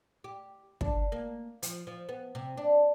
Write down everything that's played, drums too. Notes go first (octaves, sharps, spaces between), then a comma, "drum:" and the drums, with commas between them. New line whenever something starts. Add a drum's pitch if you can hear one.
G4
D4, drum: kick
A#3
F3, drum: hi-hat
F3
B3
C3
D4